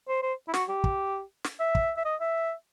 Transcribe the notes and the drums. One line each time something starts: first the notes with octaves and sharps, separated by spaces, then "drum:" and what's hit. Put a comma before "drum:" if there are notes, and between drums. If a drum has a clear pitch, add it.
C5
C5
E4
F#4, drum: snare
G4
drum: kick
drum: snare
E5
drum: kick
E5
D#5
E5